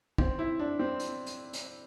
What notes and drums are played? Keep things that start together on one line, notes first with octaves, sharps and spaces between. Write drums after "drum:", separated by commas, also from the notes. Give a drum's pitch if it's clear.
C4, drum: kick
E4
D4
C4
drum: hi-hat
drum: hi-hat
drum: hi-hat